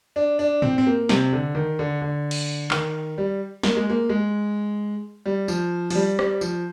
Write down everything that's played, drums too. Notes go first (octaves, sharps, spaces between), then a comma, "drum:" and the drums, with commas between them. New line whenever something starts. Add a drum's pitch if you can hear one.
D4
D4
C4, drum: tom G#2
C4
A#3
C3, drum: snare
D3
D#3
D3
D3
drum: cymbal
D#3, drum: clap
G3
A#3, drum: snare
G#3
A#3
G#3
G3
F3, drum: tambourine
F3, drum: open hi-hat
G3
G3, drum: rim click
F3, drum: tambourine